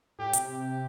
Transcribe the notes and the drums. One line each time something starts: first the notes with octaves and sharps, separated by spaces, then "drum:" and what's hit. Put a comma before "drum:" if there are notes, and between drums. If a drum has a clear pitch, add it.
A2 G4
C3, drum: hi-hat
G4